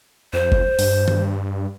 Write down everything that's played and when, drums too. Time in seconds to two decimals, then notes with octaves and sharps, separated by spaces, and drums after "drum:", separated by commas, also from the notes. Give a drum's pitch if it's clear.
0.33 F2 C5
0.52 drum: kick F#1
0.79 G2, drum: open hi-hat
1.08 drum: tom D#3